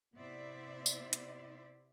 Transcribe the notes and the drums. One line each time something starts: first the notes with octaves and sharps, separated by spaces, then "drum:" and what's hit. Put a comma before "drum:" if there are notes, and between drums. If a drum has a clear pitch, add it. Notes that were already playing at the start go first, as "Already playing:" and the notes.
C3 B3 E4 C5 D5 E5
drum: tambourine
drum: hi-hat